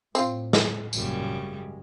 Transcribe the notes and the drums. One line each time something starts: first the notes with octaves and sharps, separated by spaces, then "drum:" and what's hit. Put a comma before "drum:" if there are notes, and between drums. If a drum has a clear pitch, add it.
A2 C4 F4, drum: tambourine
drum: snare
G#1 F#2 A#2 C#3 G3, drum: tambourine
G#3